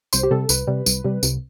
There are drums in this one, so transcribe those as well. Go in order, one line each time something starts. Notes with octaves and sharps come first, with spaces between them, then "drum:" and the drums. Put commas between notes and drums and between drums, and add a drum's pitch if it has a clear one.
C2 C5, drum: tambourine
G4
C3 G3 A4
C2 B4, drum: tambourine
C3 G3
C2, drum: tambourine
C3 G3
C2, drum: tambourine